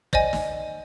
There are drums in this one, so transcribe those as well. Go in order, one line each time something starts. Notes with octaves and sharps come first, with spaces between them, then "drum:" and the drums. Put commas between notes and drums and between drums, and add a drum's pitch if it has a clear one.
C5 D5 D#5 G#5, drum: kick
drum: snare